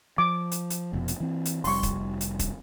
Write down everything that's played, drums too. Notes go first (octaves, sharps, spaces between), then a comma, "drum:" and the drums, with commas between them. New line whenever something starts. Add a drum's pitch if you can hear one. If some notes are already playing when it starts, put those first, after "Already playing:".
F3 D6
drum: hi-hat
drum: hi-hat
F1 F2 B2
drum: hi-hat
E3 C4
drum: hi-hat
F1 G3 C6 C#6, drum: open hi-hat
drum: kick, hi-hat
drum: hi-hat
drum: kick, hi-hat